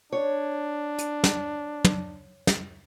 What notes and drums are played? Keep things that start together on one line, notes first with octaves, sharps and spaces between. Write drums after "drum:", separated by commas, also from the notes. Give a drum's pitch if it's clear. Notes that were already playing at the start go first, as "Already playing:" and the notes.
D4 C#5
drum: hi-hat
drum: snare
drum: tom
drum: snare